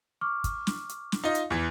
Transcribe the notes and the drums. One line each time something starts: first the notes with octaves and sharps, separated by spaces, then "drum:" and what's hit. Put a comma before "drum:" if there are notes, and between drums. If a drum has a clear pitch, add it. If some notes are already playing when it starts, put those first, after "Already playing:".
C#6 D6 F6
drum: kick, hi-hat
drum: snare
drum: hi-hat
drum: snare
D#4 F4 D#5
drum: hi-hat
E2 E3